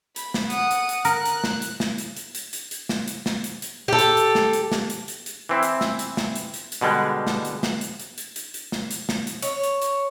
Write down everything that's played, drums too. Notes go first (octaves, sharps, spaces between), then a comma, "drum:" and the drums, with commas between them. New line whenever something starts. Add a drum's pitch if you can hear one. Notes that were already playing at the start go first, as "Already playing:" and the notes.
B5, drum: hi-hat
drum: snare
F#5 D#6, drum: hi-hat
drum: hi-hat
drum: hi-hat
A#4 F#6, drum: hi-hat
drum: hi-hat
drum: snare
drum: hi-hat
drum: snare
drum: hi-hat
drum: hi-hat
drum: hi-hat
drum: hi-hat
drum: hi-hat
drum: snare
drum: hi-hat
drum: snare
drum: hi-hat
drum: hi-hat
G4 A4
drum: hi-hat
drum: hi-hat
drum: snare
drum: hi-hat
drum: snare
drum: hi-hat
drum: hi-hat
drum: hi-hat
E3 C4 E4
drum: hi-hat
drum: snare
drum: hi-hat
drum: snare
drum: hi-hat
drum: hi-hat
drum: hi-hat
B2 D3 G3 G#3
drum: snare
drum: hi-hat
drum: snare
drum: hi-hat
drum: hi-hat
drum: hi-hat
drum: hi-hat
drum: hi-hat
drum: snare
drum: hi-hat
drum: snare
drum: hi-hat
C#5, drum: hi-hat
drum: hi-hat
drum: hi-hat